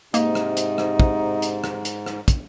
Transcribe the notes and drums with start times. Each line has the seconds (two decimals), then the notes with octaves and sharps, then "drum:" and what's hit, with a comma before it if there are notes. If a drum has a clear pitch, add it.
0.14 G#2 C3 A#3 D#4, drum: hi-hat
0.35 drum: rim click
0.57 drum: hi-hat
0.78 drum: rim click
1.00 drum: kick
1.42 drum: hi-hat
1.64 drum: rim click
1.85 drum: hi-hat
2.06 drum: rim click
2.28 drum: kick, hi-hat